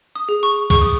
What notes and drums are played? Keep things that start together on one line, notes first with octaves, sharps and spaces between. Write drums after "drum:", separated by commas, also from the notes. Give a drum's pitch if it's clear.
D#6
G#4
C#6
G#4 C#6, drum: kick C2, cymbal
D#6